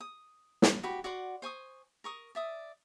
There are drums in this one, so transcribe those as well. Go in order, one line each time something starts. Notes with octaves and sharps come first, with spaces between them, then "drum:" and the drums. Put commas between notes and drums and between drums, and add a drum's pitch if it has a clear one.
D#6
drum: snare
F#4 G4 B5
F#4 D5 F#5 C6
C5 G#5 C#6 D#6
A#4 C#6 D#6
D5 E5 D#6